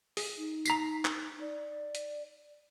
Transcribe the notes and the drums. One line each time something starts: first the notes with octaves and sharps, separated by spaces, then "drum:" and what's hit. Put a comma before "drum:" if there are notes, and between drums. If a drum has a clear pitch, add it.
G#4, drum: open hi-hat
D#4
A#5 B6 C7, drum: tambourine
drum: clap
D5
drum: hi-hat